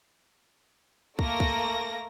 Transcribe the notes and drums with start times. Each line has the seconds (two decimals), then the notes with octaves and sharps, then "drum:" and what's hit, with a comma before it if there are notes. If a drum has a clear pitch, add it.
1.19 A3 A#3 A#4 A#6, drum: kick
1.40 drum: kick